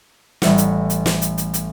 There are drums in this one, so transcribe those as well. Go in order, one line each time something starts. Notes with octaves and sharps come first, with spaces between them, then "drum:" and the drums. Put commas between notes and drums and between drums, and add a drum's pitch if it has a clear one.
A1 G3 E5 F#5, drum: snare
drum: hi-hat
drum: hi-hat
drum: snare
drum: hi-hat
drum: hi-hat
drum: hi-hat